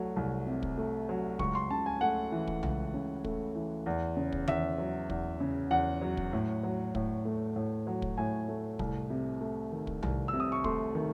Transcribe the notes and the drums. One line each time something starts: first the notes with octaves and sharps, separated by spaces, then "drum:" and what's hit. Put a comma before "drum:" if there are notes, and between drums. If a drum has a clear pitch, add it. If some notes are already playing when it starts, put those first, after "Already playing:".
Already playing: C2 F#3 A3
C2
C3
drum: kick
A3
F#3
C#2 C#6, drum: kick
C6
C#3 A5
G#5
A3 F#5
E3
drum: kick
C#2, drum: tom B1
C#3
A3, drum: kick
E3
E2
C#3
drum: kick
E2 E5, drum: tom D#3
F#3
E2, drum: kick
C#3
E2 F#5
F#3
drum: kick
A2
F#3
A2, drum: kick
A3
A2
F#3
drum: kick
A2 G#5
A3
C2, drum: kick
C3
A3
D#3
drum: kick
C2, drum: tom B1
E6
C3
D#6
C#6
A3 C6, drum: kick
D#3